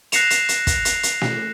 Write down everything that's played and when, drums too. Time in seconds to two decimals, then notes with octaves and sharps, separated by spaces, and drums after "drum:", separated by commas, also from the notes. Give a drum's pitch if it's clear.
0.12 F#6 A#6 C7 C#7 E7 F7, drum: hi-hat
0.30 drum: hi-hat
0.49 drum: hi-hat
0.67 drum: kick, hi-hat
0.85 drum: hi-hat
1.03 drum: hi-hat
1.21 drum: snare